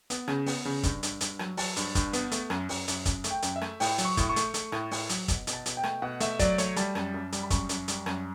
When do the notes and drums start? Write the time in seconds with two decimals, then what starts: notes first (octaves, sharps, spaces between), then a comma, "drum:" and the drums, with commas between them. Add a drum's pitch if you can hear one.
0.10 B3, drum: hi-hat
0.28 C#3, drum: rim click
0.46 B3, drum: open hi-hat
0.65 C#3
0.83 G2, drum: kick, hi-hat
1.03 G2, drum: hi-hat
1.21 G2, drum: hi-hat
1.39 F#3, drum: rim click
1.57 F#3 A5, drum: open hi-hat
1.76 G2, drum: hi-hat
1.95 G2, drum: kick, hi-hat
2.13 B3, drum: hi-hat
2.32 A3, drum: hi-hat
2.50 F#2, drum: rim click
2.69 F#2, drum: open hi-hat
2.88 F#2, drum: hi-hat
3.05 F#2, drum: kick, hi-hat
3.24 A3, drum: hi-hat
3.31 G5
3.42 F#2, drum: hi-hat
3.56 E5
3.61 A3, drum: rim click
3.80 A2 G5, drum: open hi-hat
3.98 F#3, drum: hi-hat
4.05 C#6
4.17 A2, drum: kick, hi-hat
4.29 C#6
4.36 A3, drum: hi-hat
4.54 A3, drum: hi-hat
4.72 A2, drum: rim click
4.91 A2, drum: open hi-hat
5.09 F#3, drum: hi-hat
5.28 B2, drum: kick, hi-hat
5.47 B2, drum: hi-hat
5.53 A5
5.66 B2, drum: hi-hat
5.77 G5
5.83 A3, drum: rim click
6.02 B2 F#5
6.20 A3 E5, drum: hi-hat
6.39 F#3 D5, drum: kick, hi-hat
6.58 A3 C#5, drum: hi-hat
6.76 G3 A5, drum: hi-hat
6.95 F#2, drum: rim click
7.14 F#2
7.32 G3, drum: hi-hat
7.43 B5
7.50 F#2 C#6, drum: kick, hi-hat
7.69 F#2, drum: hi-hat
7.88 G3, drum: hi-hat
8.06 F#2, drum: rim click